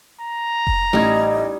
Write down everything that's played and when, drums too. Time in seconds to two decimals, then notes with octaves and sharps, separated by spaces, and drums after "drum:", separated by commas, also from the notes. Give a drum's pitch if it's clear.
0.20 A#5
0.67 drum: kick F1
0.93 A1 G3 D#4 D#5 G#6